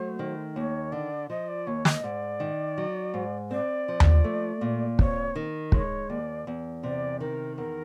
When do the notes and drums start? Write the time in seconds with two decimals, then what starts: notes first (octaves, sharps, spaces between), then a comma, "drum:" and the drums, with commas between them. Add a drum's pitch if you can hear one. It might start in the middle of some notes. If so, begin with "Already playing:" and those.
Already playing: F#3 A3 C5
0.19 D#3
0.55 D#2 C#5
0.92 D3 D5
1.29 F3 D#5
1.48 D5
1.67 D#2 C#5
1.85 D#5, drum: snare
2.03 G#2 D5
2.40 D#3
2.78 F#3
3.14 G#2
3.51 C4 D5
3.88 F3
4.00 drum: tom D#2
4.24 A3
4.61 A#2
4.99 C4 C#5, drum: kick
5.36 D#3
5.72 G#3 C#5, drum: kick
6.09 D#2 D5
6.47 E2
6.83 C3 D5
7.20 D#3 A#4
7.57 E2 A#4